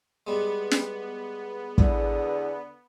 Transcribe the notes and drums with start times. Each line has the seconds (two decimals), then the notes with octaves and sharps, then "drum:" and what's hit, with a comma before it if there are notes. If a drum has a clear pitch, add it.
0.27 G3 G#3 B3
0.71 drum: snare
1.78 E2 D3 G#4, drum: kick